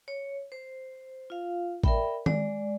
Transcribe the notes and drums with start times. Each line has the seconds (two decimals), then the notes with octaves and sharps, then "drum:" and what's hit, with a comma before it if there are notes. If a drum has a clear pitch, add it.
0.08 C#5
0.52 C5
1.30 F4 F5
1.84 A#4 D5 E5 G5 B5, drum: kick A1
2.26 G#3 D5, drum: tom D#3